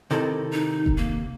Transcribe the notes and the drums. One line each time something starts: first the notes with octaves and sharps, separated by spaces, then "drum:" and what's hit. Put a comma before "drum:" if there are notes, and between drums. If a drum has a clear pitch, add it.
C3 D#3 E4 A4
D#4
drum: kick F1
A#3